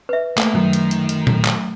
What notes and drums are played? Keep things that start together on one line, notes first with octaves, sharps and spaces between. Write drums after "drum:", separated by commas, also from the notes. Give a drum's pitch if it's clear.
B4 E5
A3 A#3, drum: clap
F#2 D#3
drum: hi-hat
drum: hi-hat
drum: hi-hat
drum: tom A#2
drum: clap